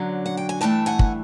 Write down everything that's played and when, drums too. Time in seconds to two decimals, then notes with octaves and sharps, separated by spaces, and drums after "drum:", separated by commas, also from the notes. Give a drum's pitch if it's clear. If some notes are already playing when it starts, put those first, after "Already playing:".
Already playing: F#2 D3 F#3
0.26 F#5
0.37 G5
0.49 G#5
0.61 G2 E3 A3 G5 A5
0.86 F#5 G#5
0.99 drum: kick